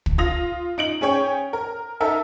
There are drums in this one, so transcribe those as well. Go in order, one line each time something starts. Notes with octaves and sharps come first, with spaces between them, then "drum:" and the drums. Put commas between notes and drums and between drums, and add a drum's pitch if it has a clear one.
drum: kick
F4 D#6 A#6 F7
D#4 D7 F#7
C#4 G#4 C#5 G5
A#4
D#4 A4 A#4 E5